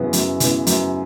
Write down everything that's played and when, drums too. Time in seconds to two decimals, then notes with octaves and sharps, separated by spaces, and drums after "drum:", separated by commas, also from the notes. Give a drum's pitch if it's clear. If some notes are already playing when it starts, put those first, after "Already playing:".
Already playing: F#2 C#3 E3 B3
0.13 F#2, drum: hi-hat
0.40 C#3 E3 B3, drum: hi-hat
0.67 F#2, drum: hi-hat